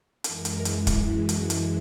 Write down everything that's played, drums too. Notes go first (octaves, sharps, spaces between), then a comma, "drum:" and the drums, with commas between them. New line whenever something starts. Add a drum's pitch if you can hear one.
F#2 E3 G#3 A#4, drum: hi-hat
drum: hi-hat
E4, drum: hi-hat
drum: kick, hi-hat
F#4
drum: hi-hat
E4, drum: hi-hat